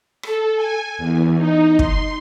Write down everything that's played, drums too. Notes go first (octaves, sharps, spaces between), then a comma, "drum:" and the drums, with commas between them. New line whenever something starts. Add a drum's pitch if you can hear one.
A4, drum: rim click
G#5
E2
D#4
C6, drum: kick